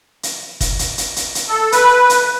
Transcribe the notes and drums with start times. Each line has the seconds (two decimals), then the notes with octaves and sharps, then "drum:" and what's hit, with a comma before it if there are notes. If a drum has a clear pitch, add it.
0.23 drum: hi-hat
0.61 drum: kick, hi-hat
0.79 drum: hi-hat
0.98 drum: hi-hat
1.16 drum: hi-hat
1.35 drum: hi-hat
1.49 A4
1.72 B4, drum: hi-hat
2.10 drum: hi-hat